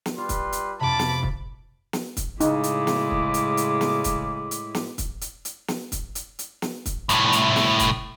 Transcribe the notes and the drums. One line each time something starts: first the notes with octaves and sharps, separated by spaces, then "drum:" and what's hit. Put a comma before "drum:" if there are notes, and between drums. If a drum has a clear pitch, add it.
drum: snare
G3 F4 B4 C6
drum: kick, hi-hat
drum: hi-hat
F2 C3 A5 B5 D6
drum: snare
drum: kick
drum: snare
drum: kick, hi-hat
A2 C#3 G#3 D#4 E4 D6, drum: hi-hat
drum: hi-hat
drum: snare
drum: kick
drum: hi-hat
drum: hi-hat
drum: snare
drum: kick, hi-hat
drum: hi-hat
drum: snare
drum: kick, hi-hat
drum: hi-hat
drum: hi-hat
drum: snare
drum: kick, hi-hat
drum: hi-hat
drum: hi-hat
drum: snare
drum: kick, hi-hat
C2 A2, drum: hi-hat
drum: hi-hat
drum: snare
drum: kick, hi-hat